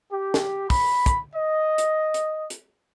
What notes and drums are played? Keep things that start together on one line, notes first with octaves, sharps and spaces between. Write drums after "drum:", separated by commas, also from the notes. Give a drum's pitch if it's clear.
G4
drum: snare
B5, drum: kick, open hi-hat
drum: kick, hi-hat
D#5
drum: hi-hat
drum: hi-hat
drum: hi-hat